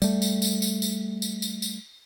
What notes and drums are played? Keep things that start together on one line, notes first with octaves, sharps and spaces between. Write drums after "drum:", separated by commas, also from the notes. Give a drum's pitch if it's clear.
G3 A3, drum: tambourine
drum: tambourine
drum: tambourine
drum: tambourine
drum: tambourine
drum: tambourine
drum: tambourine
drum: tambourine